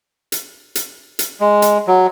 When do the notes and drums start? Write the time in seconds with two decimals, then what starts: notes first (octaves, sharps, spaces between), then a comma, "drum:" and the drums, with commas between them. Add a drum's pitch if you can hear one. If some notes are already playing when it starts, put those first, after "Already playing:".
0.32 drum: hi-hat
0.75 drum: hi-hat
1.19 drum: hi-hat
1.40 G#3
1.62 drum: hi-hat
1.87 F#3